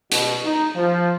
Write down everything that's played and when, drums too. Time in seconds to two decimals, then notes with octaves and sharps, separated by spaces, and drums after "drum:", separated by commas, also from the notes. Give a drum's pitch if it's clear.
0.12 B2, drum: hi-hat
0.45 D#4
0.75 F3